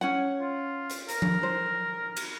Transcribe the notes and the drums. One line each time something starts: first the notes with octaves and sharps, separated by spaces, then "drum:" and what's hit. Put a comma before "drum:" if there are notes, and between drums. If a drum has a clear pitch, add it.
C#4 C#5 F#5
F4
drum: hi-hat
A#4, drum: hi-hat
drum: tom F3
C5
drum: cymbal